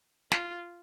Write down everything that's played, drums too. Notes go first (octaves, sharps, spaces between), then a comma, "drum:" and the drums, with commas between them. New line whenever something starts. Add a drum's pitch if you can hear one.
F4, drum: snare